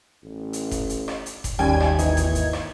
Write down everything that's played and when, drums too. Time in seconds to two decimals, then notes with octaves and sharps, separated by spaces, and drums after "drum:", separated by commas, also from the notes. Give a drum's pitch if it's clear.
0.23 A1
0.53 drum: hi-hat
0.71 drum: kick F1, hi-hat
0.90 drum: hi-hat
1.08 drum: rim click
1.26 drum: hi-hat
1.44 drum: kick F1, hi-hat
1.59 G#1 D#2 G3 C#4 G5 G#5 G#6
1.80 drum: rim click
1.99 E3 D#4, drum: hi-hat
2.17 drum: kick F1, hi-hat
2.35 drum: hi-hat
2.53 drum: rim click